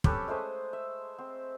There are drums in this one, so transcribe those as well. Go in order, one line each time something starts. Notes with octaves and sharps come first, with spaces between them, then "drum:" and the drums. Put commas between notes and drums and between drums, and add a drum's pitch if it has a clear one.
C#4 G4 A4 B4, drum: kick
G#3 A3 C5 D#6
E5
C4